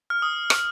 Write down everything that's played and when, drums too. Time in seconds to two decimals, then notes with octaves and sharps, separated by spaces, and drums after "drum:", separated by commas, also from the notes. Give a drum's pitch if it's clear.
0.10 F6
0.22 D#6
0.50 drum: rim click